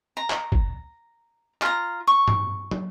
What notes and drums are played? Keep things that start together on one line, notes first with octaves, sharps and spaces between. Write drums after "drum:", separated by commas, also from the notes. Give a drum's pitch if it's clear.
A#5
drum: clap
drum: kick
F4 A#5, drum: clap
C#6
drum: tom G2
drum: tom